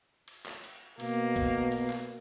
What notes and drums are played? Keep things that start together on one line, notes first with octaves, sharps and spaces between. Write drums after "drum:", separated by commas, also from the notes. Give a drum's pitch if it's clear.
drum: cymbal
drum: clap
drum: cymbal
B2 A#3, drum: cymbal
drum: kick B1, cymbal
drum: cymbal
drum: clap